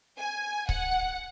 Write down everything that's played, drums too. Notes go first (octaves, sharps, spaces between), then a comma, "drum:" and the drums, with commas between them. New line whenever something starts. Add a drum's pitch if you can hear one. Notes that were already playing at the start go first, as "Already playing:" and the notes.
G#5
F#5, drum: kick C#1